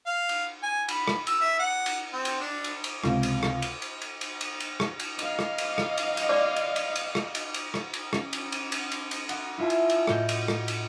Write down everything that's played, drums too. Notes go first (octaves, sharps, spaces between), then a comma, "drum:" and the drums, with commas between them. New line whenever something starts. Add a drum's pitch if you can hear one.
F5
drum: cymbal
G#5
B5, drum: cymbal
drum: rim click
E6, drum: cymbal
E5
F#5
drum: cymbal
C4
drum: cymbal
D4
drum: cymbal
drum: cymbal
C#2 C3, drum: rim click
drum: cymbal
drum: rim click
drum: cymbal
drum: cymbal
drum: cymbal
drum: cymbal
drum: cymbal
drum: cymbal
drum: rim click
drum: cymbal
D#5 F5, drum: cymbal
drum: rim click
drum: cymbal
drum: rim click
drum: cymbal
drum: cymbal
D5 D6
drum: cymbal
drum: cymbal
drum: cymbal
drum: rim click
drum: cymbal
drum: cymbal
drum: rim click
drum: cymbal
C#4, drum: rim click
drum: cymbal
drum: cymbal
drum: cymbal
drum: cymbal
drum: cymbal
F#5, drum: cymbal
E4 F4 E5 G#5 A5
drum: cymbal
drum: cymbal
A2 F#4 D#5 G5 G6, drum: rim click
drum: cymbal
drum: rim click
drum: cymbal